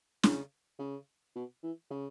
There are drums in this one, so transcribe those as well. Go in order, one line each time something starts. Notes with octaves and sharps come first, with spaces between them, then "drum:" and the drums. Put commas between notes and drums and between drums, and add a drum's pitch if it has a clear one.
C#3, drum: snare
C#3
B2
E3
C#3